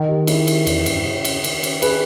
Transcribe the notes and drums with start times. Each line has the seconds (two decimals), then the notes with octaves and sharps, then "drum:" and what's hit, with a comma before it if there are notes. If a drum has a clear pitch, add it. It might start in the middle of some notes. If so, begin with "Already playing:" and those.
Already playing: D#3
0.09 G4
0.27 E4 G#4, drum: cymbal
0.47 drum: cymbal
0.67 E2, drum: cymbal
0.86 G2, drum: cymbal
1.05 C#3
1.25 drum: cymbal
1.44 D#3, drum: cymbal
1.63 drum: cymbal
1.82 G#4 B4, drum: cymbal